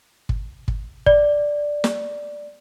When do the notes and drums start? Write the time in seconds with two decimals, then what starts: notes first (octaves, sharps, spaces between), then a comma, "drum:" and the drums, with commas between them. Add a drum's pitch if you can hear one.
0.29 drum: kick
0.68 drum: kick
1.06 D5, drum: kick
1.84 drum: snare